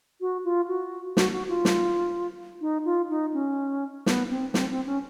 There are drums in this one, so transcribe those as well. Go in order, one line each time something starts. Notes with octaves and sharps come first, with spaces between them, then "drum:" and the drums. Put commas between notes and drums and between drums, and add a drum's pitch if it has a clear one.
F#4
F4
F#4
F#4, drum: snare
F#4
F4
drum: snare
D#4
F4
D#4
C#4
B3, drum: snare
C4
C4, drum: snare
C4
C#4